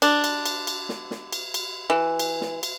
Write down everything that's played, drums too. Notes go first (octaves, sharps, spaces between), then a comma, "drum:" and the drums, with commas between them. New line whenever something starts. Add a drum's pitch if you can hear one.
D4, drum: cymbal
drum: cymbal
drum: cymbal
drum: cymbal
drum: snare
drum: snare
drum: cymbal
drum: cymbal
E3
drum: cymbal
drum: snare
drum: cymbal